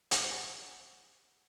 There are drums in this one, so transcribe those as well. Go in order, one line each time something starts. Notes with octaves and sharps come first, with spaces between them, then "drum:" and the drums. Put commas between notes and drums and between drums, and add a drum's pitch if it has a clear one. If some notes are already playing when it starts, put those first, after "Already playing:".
F#5, drum: hi-hat